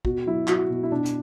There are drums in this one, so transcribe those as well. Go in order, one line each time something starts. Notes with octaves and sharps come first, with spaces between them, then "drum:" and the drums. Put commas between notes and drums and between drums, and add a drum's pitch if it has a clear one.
B2 F#4, drum: kick
F#3 E4
F#3 F#4, drum: clap
B2
E4
B2 D4
drum: hi-hat